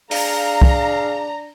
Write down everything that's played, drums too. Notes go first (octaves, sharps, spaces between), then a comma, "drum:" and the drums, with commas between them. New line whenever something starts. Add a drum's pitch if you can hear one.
D4 G#4 F5 A#5, drum: open hi-hat
drum: kick C2